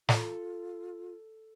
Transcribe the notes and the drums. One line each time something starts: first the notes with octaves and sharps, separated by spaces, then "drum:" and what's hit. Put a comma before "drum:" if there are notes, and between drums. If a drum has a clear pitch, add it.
F4 A4, drum: snare